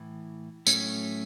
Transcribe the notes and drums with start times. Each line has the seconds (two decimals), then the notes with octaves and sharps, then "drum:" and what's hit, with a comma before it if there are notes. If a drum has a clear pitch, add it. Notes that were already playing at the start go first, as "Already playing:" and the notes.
Already playing: A2 E3
0.67 A2 F#3 A3 C#4, drum: tambourine